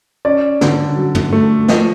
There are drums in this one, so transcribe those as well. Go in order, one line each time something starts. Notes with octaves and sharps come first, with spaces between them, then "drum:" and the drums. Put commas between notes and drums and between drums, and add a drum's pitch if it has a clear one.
C#4 D5
D3, drum: snare
F#3
drum: tom
A3
F3 D#5, drum: snare